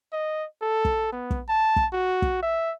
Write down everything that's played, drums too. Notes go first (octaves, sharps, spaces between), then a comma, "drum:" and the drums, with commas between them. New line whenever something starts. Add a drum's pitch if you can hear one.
D#5
A4
drum: kick
B3
drum: kick
A5
drum: kick
F#4
drum: kick
E5